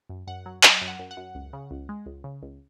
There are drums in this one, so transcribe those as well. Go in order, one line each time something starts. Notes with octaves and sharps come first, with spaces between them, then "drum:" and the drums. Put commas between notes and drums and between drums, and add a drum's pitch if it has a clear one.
F#2
F#2 F#5
F#3
F#3 D#5, drum: clap
F#2
F#5
F#2
F#5
F#2
C#2
C#3
C#2
G#3
C#2
C#3
C#2